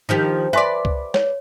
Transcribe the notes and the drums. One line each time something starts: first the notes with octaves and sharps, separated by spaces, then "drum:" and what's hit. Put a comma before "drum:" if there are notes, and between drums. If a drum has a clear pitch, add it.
D#3 F3 G4
B4 D5 E5 G#5 C6
drum: kick C#2
C#5, drum: snare